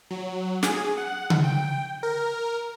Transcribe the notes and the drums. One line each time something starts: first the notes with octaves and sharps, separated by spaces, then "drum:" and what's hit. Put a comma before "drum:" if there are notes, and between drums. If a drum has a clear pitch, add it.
F#3
G#4, drum: snare
F#5
drum: tom C#3
G5
A#4